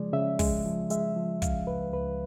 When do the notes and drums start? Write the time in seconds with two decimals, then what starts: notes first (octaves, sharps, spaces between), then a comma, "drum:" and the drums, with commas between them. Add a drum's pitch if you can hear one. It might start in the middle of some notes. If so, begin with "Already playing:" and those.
Already playing: C#3 F3 G#3 D5
0.13 C#3 E5
0.39 G#3, drum: kick, open hi-hat
0.65 F3
0.90 G#3 E5, drum: hi-hat
1.16 F3
1.42 C#3 F5, drum: kick, hi-hat
1.67 C#2 B4
1.93 C#2 B4